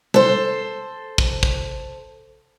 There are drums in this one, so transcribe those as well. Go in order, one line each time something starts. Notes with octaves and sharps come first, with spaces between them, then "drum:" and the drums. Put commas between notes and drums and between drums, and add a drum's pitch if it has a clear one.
A4 C5, drum: tom G3
drum: kick
drum: kick